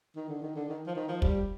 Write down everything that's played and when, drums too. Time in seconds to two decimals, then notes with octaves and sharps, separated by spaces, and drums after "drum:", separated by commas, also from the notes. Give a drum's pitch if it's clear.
0.16 D#3
0.29 D3
0.42 D#3
0.56 D3
0.69 D#3
0.87 F3
0.96 D#3
1.08 F3
1.22 G3, drum: kick